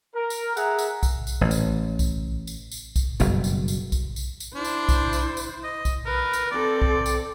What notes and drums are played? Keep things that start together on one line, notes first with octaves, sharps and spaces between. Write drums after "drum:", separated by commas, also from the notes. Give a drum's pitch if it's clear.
A#4
drum: tambourine
G#4 E5 F#5 A#5, drum: tambourine
drum: tambourine
drum: kick B1, tambourine
drum: tambourine
A1
drum: tambourine
drum: kick B1, tambourine
drum: tambourine
drum: tambourine
drum: kick B1, tambourine
F#1 G2 B2, drum: tambourine
drum: tambourine
drum: tambourine
drum: kick B1, tambourine
drum: tambourine
drum: tambourine
D4 E4 C5
drum: tambourine
drum: kick B1, tambourine
drum: tambourine
drum: tambourine
D#5
drum: kick B1, tambourine
A#4 B4
drum: tambourine
C4 A4 D5
drum: kick B1
drum: tambourine